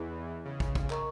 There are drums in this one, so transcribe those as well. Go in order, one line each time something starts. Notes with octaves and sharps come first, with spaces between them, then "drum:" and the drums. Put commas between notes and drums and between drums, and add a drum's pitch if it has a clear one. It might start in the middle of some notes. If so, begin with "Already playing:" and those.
Already playing: E2 E3 G#4 D#5
C#3
drum: kick
drum: kick
A#4 D#5 A#5 C#6, drum: clap